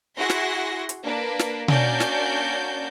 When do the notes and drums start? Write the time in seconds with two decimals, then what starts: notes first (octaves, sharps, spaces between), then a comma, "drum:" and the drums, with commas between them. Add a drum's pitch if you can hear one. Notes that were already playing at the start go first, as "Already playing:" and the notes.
0.18 E4 F#4 G#4 F#5 C6 A#6
0.30 drum: snare
0.89 drum: hi-hat
1.03 A#3 D4 B4
1.39 drum: snare
1.68 A#3 C#4 D4 F#4 D5 G6, drum: tom B2
2.00 drum: snare